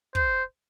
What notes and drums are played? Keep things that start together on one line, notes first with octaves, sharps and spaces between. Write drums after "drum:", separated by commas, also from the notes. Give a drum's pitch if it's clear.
C5, drum: kick